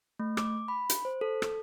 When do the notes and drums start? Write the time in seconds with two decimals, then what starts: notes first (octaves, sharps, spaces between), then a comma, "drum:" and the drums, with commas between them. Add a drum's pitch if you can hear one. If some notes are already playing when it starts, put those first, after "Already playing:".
0.19 A3
0.37 D6, drum: rim click
0.68 B5
0.90 drum: hi-hat
1.05 C5
1.21 A4
1.42 drum: rim click